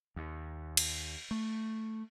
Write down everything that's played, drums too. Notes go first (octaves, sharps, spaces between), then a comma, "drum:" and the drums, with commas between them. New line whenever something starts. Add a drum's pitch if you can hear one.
D#2
drum: cymbal
A3